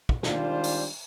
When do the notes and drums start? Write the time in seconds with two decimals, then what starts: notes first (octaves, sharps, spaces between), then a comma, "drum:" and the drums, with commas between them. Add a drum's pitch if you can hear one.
0.09 drum: kick
0.23 D#3 G3 G#3 D4 F4 C5, drum: snare
0.64 drum: open hi-hat